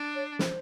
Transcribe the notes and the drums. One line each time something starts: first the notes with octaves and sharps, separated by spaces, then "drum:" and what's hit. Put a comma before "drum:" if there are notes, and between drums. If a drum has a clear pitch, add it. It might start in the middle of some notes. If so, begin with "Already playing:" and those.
Already playing: D4
C#5
C5, drum: snare